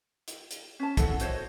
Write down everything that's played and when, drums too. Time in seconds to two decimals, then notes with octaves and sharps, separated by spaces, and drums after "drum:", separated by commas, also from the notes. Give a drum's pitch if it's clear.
0.28 drum: hi-hat
0.51 drum: hi-hat
0.80 C#4 A5
0.97 E4 A4 F#5, drum: kick, hi-hat
1.20 F#4 C5 C#5 D#5, drum: hi-hat